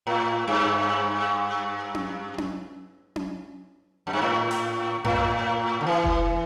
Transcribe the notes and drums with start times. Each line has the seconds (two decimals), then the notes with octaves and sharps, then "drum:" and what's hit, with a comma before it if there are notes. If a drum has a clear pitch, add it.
0.07 A2
0.48 G2
1.95 drum: tom C#4
2.38 drum: tom C#4
3.16 drum: tom C#4
4.07 F#2
4.13 G2
4.22 A2
4.51 drum: hi-hat
5.04 A2, drum: tom F#2
5.81 D3
5.87 E3
6.04 drum: kick F1